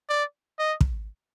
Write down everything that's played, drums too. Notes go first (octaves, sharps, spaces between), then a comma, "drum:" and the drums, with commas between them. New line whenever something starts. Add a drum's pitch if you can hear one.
D5
D#5
drum: kick